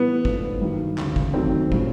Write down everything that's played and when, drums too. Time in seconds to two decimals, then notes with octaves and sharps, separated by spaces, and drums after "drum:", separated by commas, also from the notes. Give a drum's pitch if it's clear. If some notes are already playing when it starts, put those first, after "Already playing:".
Already playing: A1 A2 E3 G3 B3
0.25 G#2 F3 A3 D4, drum: kick
0.62 G2 D#3 F#3
0.98 E1 D2 C#3, drum: clap
1.16 drum: kick
1.34 D#2 D#3 F#3 A3 C4
1.72 A#2 G3 A#3 C#4, drum: kick